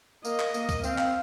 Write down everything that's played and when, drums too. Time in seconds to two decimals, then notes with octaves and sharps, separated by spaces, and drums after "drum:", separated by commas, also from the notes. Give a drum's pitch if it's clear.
0.25 A#3 D#5, drum: tambourine
0.39 drum: clap
0.54 A#3, drum: tambourine
0.69 drum: kick, tambourine
0.84 C4 F5, drum: tambourine
0.98 drum: clap